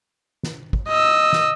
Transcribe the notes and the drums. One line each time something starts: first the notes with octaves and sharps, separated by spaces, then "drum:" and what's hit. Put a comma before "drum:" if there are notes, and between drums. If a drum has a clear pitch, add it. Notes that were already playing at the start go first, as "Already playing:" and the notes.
drum: snare
drum: kick
D#5 E6
drum: snare